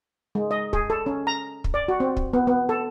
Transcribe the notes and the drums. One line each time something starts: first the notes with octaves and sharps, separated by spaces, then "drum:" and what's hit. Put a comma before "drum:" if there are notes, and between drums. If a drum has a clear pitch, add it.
G#3
D#5
G#4, drum: kick
A4
C#4
A#5
drum: kick
D5
F#4
C4
drum: kick
B3
B3
A4